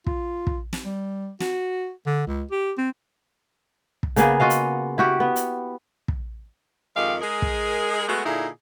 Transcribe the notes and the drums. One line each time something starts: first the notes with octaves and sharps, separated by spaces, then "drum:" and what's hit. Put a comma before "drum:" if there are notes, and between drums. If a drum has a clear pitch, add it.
F4, drum: kick
drum: kick
drum: snare
G3
F#4, drum: snare
D3
C#2
G4
C4
drum: kick
C#3 A#3 B3 G#4, drum: hi-hat
F4 F#4 D#5 F5
drum: hi-hat
E4 F#4 G4
B3
drum: hi-hat
drum: kick
F2 D#3 G#3 G4 F5
G#3 D#4 G#4 A#4
drum: kick
G#3 A3 B3 F#4
A#2 D3 D#4 E4 G#4